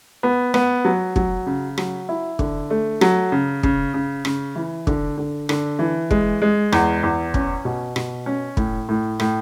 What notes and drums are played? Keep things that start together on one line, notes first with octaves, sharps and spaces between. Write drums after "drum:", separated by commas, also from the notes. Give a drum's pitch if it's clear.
B3
B3, drum: rim click
F#3
F#3, drum: kick
C#3
F#3, drum: rim click
E4
D3, drum: kick
A3
F#3, drum: rim click
C#3
C#3, drum: kick
C#3
C#3, drum: rim click
E3
D3, drum: kick
D3
D3, drum: rim click
E3
G#3, drum: kick
G#3
E2, drum: rim click
E2
C#4, drum: kick
B2
B2, drum: rim click
C#4
A2, drum: kick
A2
A2, drum: rim click